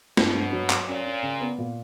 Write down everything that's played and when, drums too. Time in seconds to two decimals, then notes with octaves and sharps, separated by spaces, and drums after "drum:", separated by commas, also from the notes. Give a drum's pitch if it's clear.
0.17 G2 B2, drum: snare
0.35 G2
0.52 F#3
0.70 F#3, drum: clap
0.87 A#2 C#4
1.06 C#4
1.22 C#3
1.40 B3
1.58 A#2